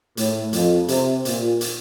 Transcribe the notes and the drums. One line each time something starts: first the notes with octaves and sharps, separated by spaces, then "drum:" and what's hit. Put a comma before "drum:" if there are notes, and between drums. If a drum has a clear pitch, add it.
A2, drum: hi-hat
F2, drum: hi-hat
C3, drum: hi-hat
A#2, drum: hi-hat
drum: hi-hat